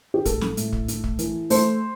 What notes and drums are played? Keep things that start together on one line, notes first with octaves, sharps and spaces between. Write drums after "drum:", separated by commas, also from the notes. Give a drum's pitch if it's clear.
G4
A2 A4, drum: kick, hi-hat
drum: snare
A2, drum: hi-hat
drum: kick
A3, drum: hi-hat
drum: kick
E3, drum: hi-hat
A3 C5, drum: open hi-hat